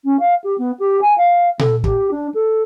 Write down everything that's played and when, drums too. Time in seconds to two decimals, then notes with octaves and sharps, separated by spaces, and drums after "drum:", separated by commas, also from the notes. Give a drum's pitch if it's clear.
0.04 C#4
0.19 F5
0.44 G4
0.58 B3
0.79 G4
1.01 G#5
1.18 F5
1.59 A4, drum: tom A#2
1.84 G4, drum: kick
2.11 D4
2.34 A4